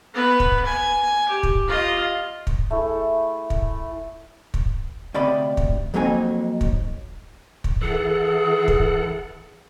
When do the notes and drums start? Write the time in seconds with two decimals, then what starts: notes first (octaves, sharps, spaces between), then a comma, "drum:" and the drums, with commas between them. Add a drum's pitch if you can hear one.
0.14 B3 B4
0.40 drum: kick
0.66 G#5
1.29 G4
1.43 drum: kick
1.67 F4 D#5
2.47 drum: kick
2.71 A3 E4 G#4
3.50 drum: kick
4.54 drum: kick
5.14 D2 C3 D5 D#5 B5
5.57 drum: kick
5.94 F2 F#3 A#3 C4 D#4 G#5
6.61 drum: kick
7.64 drum: kick
7.81 E3 G#4 A4 F#5
8.68 drum: kick